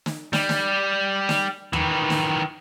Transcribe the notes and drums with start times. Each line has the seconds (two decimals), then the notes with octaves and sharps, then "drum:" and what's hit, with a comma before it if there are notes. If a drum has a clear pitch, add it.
0.06 drum: snare
0.33 G3, drum: snare
0.49 drum: snare
1.29 drum: snare
1.73 D#3 E3, drum: tom E2
2.10 drum: snare